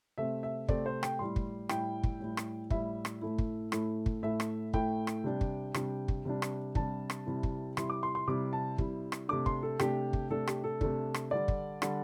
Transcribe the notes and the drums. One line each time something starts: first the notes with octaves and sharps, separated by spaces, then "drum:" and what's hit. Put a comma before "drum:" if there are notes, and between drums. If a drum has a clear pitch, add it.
C3 A3 C4 E5
E5
C3 A3 C4 D5, drum: kick
C5
G5, drum: rim click
A2 G3 E4 C6
drum: kick
A2 G3 E4 G5, drum: rim click
drum: kick
A2 G3 E4
drum: rim click
A2 G3 E4 E5, drum: kick
drum: rim click
A2 A3 E4
drum: kick
A2 A3 E4, drum: rim click
drum: kick
A2 A3 E4 E5
drum: rim click
A2 A3 E4 G5, drum: kick
drum: rim click
C3 G3 D4
drum: kick
C3 G3 D4, drum: rim click
drum: kick
C3 G3 D4
drum: rim click
C3 G3 D4 A5, drum: kick
drum: rim click
C3 G3 E4
drum: kick
C3 G3 E4 C6, drum: rim click
D6
C6
C6
C3 G3 E4 D6
A5
C3 G3 E4, drum: kick
drum: rim click
C3 A3 D4 D6
C6, drum: kick
A4
C3 A3 D4 G4, drum: rim click
drum: kick
C3 A3 D4 A4
G4, drum: rim click
A4
C3 A3 D4, drum: kick
drum: rim click
D3 G3 D4 D5
drum: kick
D3 G3 D4, drum: rim click